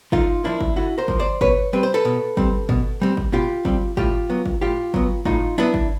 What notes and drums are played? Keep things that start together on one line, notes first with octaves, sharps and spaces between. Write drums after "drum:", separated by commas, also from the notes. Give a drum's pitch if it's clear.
D3 D#4 F4, drum: kick
F3 A#3 D4 E4
drum: kick
D3 E4 F#4
A#4 C5
F3 A#3, drum: kick
C5 D5
B2 B4 C#5, drum: kick
G3 C4 B4
C5
A4 B4
B2
G3 C4, drum: kick
B2, drum: kick
G3 C4
drum: kick
B2 F4 G4
G3 C4, drum: kick
A2 F4 G4, drum: kick
F#3 B3
drum: kick
A2 F4 G4
F#3 B3, drum: kick
A2 D#4 F4, drum: kick
F#3 B3 D4 E4
drum: kick